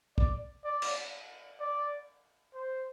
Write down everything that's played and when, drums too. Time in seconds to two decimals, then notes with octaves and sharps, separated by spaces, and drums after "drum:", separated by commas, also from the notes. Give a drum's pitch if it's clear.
0.18 D5, drum: kick
0.64 D5
0.82 drum: cymbal
1.60 D5
2.54 C5